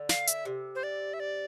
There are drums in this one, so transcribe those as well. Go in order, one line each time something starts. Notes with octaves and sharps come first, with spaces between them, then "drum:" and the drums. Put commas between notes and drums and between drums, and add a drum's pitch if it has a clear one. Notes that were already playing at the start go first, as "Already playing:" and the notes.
Already playing: D3
F5, drum: snare
E5, drum: hi-hat
C3
C5
D5
E5
D5